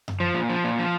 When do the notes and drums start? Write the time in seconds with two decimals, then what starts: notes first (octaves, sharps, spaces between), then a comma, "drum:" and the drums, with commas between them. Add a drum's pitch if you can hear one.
0.08 drum: tom F#2
0.20 F3
0.34 A#2
0.49 F3
0.64 A#2
0.79 F3